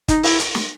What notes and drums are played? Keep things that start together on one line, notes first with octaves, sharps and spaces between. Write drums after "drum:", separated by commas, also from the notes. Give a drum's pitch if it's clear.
D#4, drum: kick, hi-hat
E4, drum: open hi-hat
drum: hi-hat
drum: snare